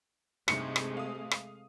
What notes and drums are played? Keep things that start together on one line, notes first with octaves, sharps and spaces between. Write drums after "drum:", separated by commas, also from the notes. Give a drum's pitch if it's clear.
G2 C3 G#3 A3 D#4 C6 C#7, drum: rim click
drum: rim click
F5 D#6
drum: rim click